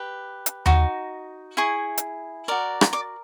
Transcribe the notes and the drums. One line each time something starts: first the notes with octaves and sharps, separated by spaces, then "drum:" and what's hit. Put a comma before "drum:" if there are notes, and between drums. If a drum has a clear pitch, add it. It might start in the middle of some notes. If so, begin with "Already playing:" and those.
Already playing: G4 B4
drum: hi-hat
D#4 F#4, drum: tom D#2
E4 G#4 C#6
drum: hi-hat
F#4 A#4 D5
drum: rim click
D5 D6